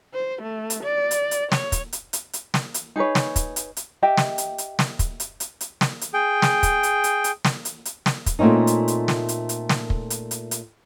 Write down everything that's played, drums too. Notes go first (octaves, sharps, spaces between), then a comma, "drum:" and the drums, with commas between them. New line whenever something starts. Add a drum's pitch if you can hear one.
C5
A3
drum: hi-hat
D5
drum: hi-hat
drum: hi-hat
C#5, drum: snare
drum: kick, hi-hat
drum: hi-hat
drum: hi-hat
drum: hi-hat
drum: snare
drum: hi-hat
D#4 G#4 B4 C#5
drum: snare
drum: kick, hi-hat
drum: hi-hat
drum: hi-hat
G4 D#5 E5 G5
drum: snare
drum: hi-hat
drum: hi-hat
drum: snare
drum: kick, hi-hat
drum: hi-hat
drum: hi-hat
drum: hi-hat
drum: snare
drum: hi-hat
G#4 G5
drum: snare
drum: kick, hi-hat
drum: hi-hat
drum: hi-hat
drum: hi-hat
drum: snare
drum: hi-hat
drum: hi-hat
drum: snare
drum: kick, hi-hat
A#2 A3 C4 C#4 D#4
drum: hi-hat
drum: hi-hat
drum: snare
drum: hi-hat
drum: hi-hat
drum: snare
drum: kick
drum: hi-hat
drum: hi-hat
drum: hi-hat